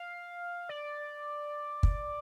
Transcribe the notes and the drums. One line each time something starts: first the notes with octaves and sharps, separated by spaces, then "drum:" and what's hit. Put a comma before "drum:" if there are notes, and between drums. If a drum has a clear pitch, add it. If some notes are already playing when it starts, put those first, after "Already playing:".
Already playing: F5
D5
drum: kick